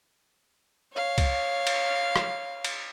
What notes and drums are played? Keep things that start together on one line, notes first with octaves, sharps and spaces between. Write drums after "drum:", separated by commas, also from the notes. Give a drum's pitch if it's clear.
C#5 F5
drum: kick C2, cymbal
drum: cymbal
drum: rim click
drum: cymbal